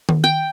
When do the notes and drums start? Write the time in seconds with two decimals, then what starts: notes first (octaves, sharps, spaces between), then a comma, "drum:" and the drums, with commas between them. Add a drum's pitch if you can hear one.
0.09 drum: tom D#3
0.24 G5